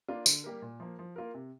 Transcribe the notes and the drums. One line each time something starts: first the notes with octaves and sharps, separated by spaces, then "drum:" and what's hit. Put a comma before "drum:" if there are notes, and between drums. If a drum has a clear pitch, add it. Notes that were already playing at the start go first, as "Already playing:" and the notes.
A#3 D4 F4
D3, drum: tambourine
G3 A#3 G4 A#4
A#2
F3 A#3
F3
A#3 F4 A#4
C3